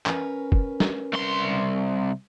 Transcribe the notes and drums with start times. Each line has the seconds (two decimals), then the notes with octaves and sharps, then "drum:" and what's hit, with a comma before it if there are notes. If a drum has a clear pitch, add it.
0.06 C#4 A#4 B4, drum: clap
0.52 drum: kick
0.80 drum: snare
1.14 C2 C6